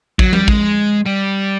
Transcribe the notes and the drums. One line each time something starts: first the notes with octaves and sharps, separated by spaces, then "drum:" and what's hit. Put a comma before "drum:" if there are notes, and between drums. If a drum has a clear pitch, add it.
F#3, drum: kick
G3, drum: tom F3
G#3, drum: kick
G3